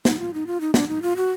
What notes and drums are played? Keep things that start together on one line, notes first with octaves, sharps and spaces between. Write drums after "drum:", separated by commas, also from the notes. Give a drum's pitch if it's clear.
D#4, drum: snare
F4
D#4
F4
D#4
D4, drum: snare
D#4
F4
F#4